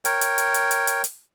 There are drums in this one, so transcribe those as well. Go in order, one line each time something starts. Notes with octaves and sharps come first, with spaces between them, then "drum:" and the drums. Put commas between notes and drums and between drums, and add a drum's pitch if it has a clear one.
A#4 C#5 G5, drum: hi-hat
drum: hi-hat
drum: hi-hat
drum: hi-hat
drum: hi-hat
drum: hi-hat
drum: hi-hat